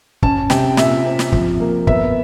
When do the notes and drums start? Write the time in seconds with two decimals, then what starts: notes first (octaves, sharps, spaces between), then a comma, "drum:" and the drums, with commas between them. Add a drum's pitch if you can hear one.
0.22 C#4 A5, drum: kick
0.50 C3 G5, drum: snare
0.77 A#2 E5, drum: snare
1.06 C4
1.19 drum: snare
1.32 F3, drum: kick
1.60 A#3
1.87 B3 E5, drum: kick